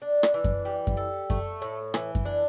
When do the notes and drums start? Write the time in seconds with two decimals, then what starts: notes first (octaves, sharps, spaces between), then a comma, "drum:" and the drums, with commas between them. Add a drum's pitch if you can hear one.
0.02 D4
0.23 drum: rim click
0.34 E3
0.44 drum: kick F#2
0.65 G3
0.87 drum: kick F#2
0.97 A4
1.30 A3, drum: kick F#2
1.62 A2
1.94 E3, drum: rim click
2.15 drum: kick F#2
2.25 D4